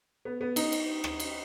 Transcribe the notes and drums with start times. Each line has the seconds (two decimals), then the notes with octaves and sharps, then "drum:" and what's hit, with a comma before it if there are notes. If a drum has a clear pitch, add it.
0.25 B3
0.41 B3
0.56 D#4, drum: cymbal
0.72 drum: cymbal
1.04 drum: rim click
1.20 drum: cymbal